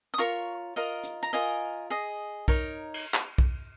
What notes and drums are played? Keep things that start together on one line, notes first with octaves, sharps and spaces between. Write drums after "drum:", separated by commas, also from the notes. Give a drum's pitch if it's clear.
D#6
F4 A#4 C#5 C#6
F4 A#4 D#5
drum: hi-hat
A#5, drum: hi-hat
F4 A#4 D#5 G#5
G#4 D#5
D#4 A#4 C#5, drum: kick B1
drum: cymbal
drum: clap
drum: kick B1